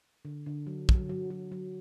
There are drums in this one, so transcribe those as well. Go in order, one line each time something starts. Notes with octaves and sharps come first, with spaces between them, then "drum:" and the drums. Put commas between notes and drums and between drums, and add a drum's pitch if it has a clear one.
D3
D3
F#3
F#3, drum: kick
F#3
F#3
F#3